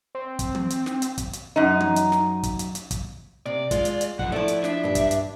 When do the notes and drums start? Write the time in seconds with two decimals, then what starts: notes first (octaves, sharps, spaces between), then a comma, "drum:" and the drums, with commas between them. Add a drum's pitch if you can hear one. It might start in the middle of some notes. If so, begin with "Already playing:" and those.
0.15 C4
0.39 drum: kick, hi-hat
0.55 drum: tom
0.70 drum: hi-hat
0.86 drum: snare
1.02 drum: hi-hat
1.18 drum: kick, hi-hat
1.33 drum: hi-hat
1.56 F#2 D#4
1.80 drum: tom
1.96 drum: hi-hat
2.12 drum: snare
2.43 drum: kick, hi-hat
2.59 drum: hi-hat
2.75 drum: hi-hat
2.91 drum: kick, hi-hat
3.46 C3 D5
3.71 G#3 F4, drum: kick, hi-hat
3.85 drum: hi-hat
4.01 drum: hi-hat
4.19 C3 F3 F#5, drum: kick
4.32 F3 A3 E4 D5
4.48 drum: hi-hat
4.64 D4 E5, drum: snare
4.83 G2 G4
4.95 drum: kick, hi-hat
5.11 drum: hi-hat